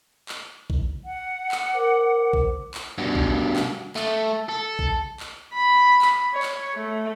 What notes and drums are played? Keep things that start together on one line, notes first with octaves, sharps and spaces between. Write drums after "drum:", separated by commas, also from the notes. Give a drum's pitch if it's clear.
drum: clap
drum: kick A#1
F#5
drum: clap
A#4 C5 D6
drum: kick A#1
drum: clap
G2 B2
drum: kick A#1
drum: clap
A3, drum: clap
A4
drum: kick A#1
drum: clap
B5
drum: clap
C#5
drum: clap
A3